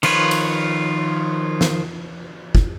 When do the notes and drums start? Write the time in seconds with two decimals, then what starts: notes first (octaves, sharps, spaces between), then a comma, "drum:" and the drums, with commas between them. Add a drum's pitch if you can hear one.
0.03 D#3 F3 F4 B4 C#5, drum: cymbal
0.31 drum: cymbal
1.61 drum: snare
2.55 drum: kick